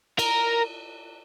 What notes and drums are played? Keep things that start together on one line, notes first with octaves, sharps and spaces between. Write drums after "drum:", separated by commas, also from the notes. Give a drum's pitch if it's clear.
A#4, drum: cymbal